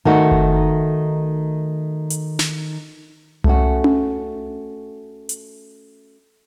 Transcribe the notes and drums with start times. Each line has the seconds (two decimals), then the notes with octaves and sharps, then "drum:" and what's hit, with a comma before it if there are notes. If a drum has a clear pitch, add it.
0.05 D#3 A3 D#4 F#4
0.31 drum: kick F#1
2.10 drum: hi-hat
2.39 drum: snare
3.44 A3 C#4 F#4, drum: tom C2
3.84 drum: tom C#4
5.29 drum: hi-hat